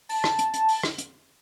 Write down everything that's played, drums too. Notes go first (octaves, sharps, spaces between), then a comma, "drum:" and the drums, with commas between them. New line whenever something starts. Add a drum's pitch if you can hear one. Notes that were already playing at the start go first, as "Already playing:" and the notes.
A5, drum: open hi-hat
drum: rim click
drum: hi-hat
drum: hi-hat
drum: open hi-hat
drum: rim click
drum: hi-hat